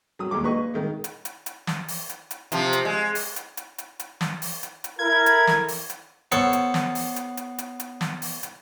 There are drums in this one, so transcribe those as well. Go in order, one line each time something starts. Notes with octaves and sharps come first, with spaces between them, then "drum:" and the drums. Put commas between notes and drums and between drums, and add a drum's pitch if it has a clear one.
F#3 D#6
D#2 F#3 G#3 D6
A#2 B4 D#5 C#6
D#3 G#3
drum: hi-hat
drum: hi-hat
drum: hi-hat
drum: snare
drum: open hi-hat
drum: hi-hat
drum: hi-hat
C3 F3, drum: hi-hat
drum: hi-hat
G#3
drum: open hi-hat
drum: hi-hat
drum: hi-hat
drum: hi-hat
drum: hi-hat
drum: snare
drum: open hi-hat
drum: hi-hat
drum: hi-hat
E4 A4 A#4 G#6
drum: hi-hat
drum: snare
drum: open hi-hat
drum: hi-hat
B3 A4 C5 C#5, drum: hi-hat
drum: hi-hat
drum: snare
drum: open hi-hat
drum: hi-hat
drum: hi-hat
drum: hi-hat
drum: hi-hat
drum: snare
drum: open hi-hat
drum: hi-hat